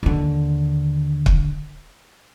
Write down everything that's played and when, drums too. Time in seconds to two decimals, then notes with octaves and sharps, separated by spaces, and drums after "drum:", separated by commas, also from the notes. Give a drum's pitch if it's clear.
0.03 D#2 D3
1.26 drum: kick